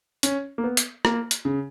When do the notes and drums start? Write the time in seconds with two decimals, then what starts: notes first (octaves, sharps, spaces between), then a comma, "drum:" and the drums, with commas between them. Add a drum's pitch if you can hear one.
0.23 C#4, drum: hi-hat
0.58 A#3
0.64 B3
0.77 drum: hi-hat
1.05 A#3, drum: rim click
1.31 drum: hi-hat
1.45 C#3